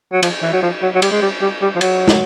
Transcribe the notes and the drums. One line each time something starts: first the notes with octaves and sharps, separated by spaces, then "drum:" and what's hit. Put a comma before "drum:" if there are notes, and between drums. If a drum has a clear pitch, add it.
F#3
F3, drum: cymbal
E3
F#3
F3
F#3
F#3
G3, drum: cymbal
G#3
G3
G3
G3
F3
F#3, drum: cymbal
drum: snare